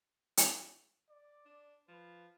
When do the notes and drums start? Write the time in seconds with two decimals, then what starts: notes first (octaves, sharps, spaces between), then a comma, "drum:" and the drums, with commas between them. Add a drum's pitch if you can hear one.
0.37 drum: hi-hat
1.10 D5
1.46 D4
1.88 F3 B4